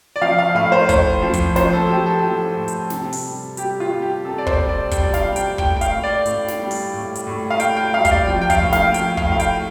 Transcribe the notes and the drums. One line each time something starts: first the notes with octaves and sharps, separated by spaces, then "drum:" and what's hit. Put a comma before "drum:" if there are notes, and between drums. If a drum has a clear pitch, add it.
D5
F3 F5
F5
A2 F5
C5
A2 C5, drum: kick, hi-hat
F3
drum: kick, hi-hat
F3 C5, drum: snare
A4
F3 G4
A4
F3
A2
drum: hi-hat
C3, drum: snare
drum: open hi-hat
G3
G3 G4, drum: hi-hat
F4
G3
G4
C3 A4
D5
C5, drum: kick
G3
D5
G3 G5, drum: kick, hi-hat
D5
F5, drum: snare
G3
G5, drum: hi-hat
A2 G5, drum: kick
G5
F5, drum: hi-hat
A2
D5
A2, drum: hi-hat
drum: snare
G3
drum: open hi-hat
A2
drum: hi-hat
A2
F5
A2 G5, drum: hi-hat
G5
G3 F5
F5, drum: kick, hi-hat
D5
F3 G5
G5
F5, drum: kick, hi-hat
A2
F5, drum: snare
F3 G5, drum: hi-hat
F5, drum: kick
A2 F5
G5, drum: hi-hat